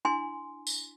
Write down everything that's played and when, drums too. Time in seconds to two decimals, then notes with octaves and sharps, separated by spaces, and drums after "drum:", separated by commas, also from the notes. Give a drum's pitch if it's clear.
0.05 D4 E4 G#5 C6
0.67 drum: tambourine